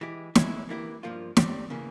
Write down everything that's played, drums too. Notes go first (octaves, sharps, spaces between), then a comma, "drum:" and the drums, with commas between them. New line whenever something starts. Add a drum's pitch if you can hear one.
E3 G#3 E4 G4
E3 G#3 C#4 E4, drum: snare
E3 A#3 E4 G4
G2 F3 A#3 F4
G2 G3 C4 G4, drum: snare
C#3 E3 A#3